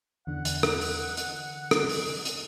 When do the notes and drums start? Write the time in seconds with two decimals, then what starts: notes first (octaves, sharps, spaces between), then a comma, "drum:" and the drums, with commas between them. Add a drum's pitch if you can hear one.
0.27 E2 D3 F#5
0.45 drum: hi-hat
0.63 drum: rim click
0.81 drum: open hi-hat
1.17 drum: hi-hat
1.71 drum: rim click
1.89 drum: open hi-hat
2.25 drum: hi-hat